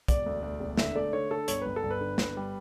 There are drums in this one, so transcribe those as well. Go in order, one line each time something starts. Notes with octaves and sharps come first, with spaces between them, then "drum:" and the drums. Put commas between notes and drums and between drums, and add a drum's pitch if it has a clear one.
E1 D5, drum: kick, hi-hat
D2
D2
E1
D3 E5, drum: snare
A3 D5
D3 C#5
D3 A4
G1 C#5, drum: hi-hat
G1 B4
A4
G1
B4
D3
G1, drum: snare
G3